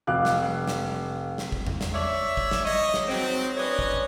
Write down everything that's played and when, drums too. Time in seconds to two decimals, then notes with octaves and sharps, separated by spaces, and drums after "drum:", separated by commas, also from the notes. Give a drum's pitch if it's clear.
0.07 F1 F5 D6 F#6
0.25 drum: snare
0.67 drum: snare
1.38 drum: snare
1.52 drum: kick
1.67 drum: tom E2
1.81 drum: snare
1.93 C#5 D5 E5
2.37 drum: kick
2.51 drum: snare
2.65 C#5 D#5
2.94 drum: snare
3.08 G#2 F#3 C4
3.57 C#4 D4 B4 C#5 D#5
3.79 drum: kick